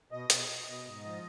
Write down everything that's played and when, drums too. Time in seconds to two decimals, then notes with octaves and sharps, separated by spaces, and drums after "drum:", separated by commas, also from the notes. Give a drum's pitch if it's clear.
0.12 B2 D#5
0.30 B2, drum: hi-hat
0.49 B2
0.67 B2
0.86 G#2
1.04 F3